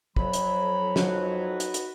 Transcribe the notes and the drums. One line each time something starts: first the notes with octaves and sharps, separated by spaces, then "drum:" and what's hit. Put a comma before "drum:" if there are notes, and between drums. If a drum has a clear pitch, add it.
F2 F#3 B5, drum: kick
drum: hi-hat
D#4 F#4 B4, drum: snare
drum: hi-hat
drum: hi-hat